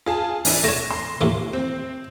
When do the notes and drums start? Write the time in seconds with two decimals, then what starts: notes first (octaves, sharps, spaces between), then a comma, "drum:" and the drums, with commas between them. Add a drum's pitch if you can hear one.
0.06 F4 G#4 A5
0.45 E3 D4 E4, drum: open hi-hat
0.64 A3 C#5 A#6 E7
0.91 C6
1.21 D#2 A2 A3
1.53 C4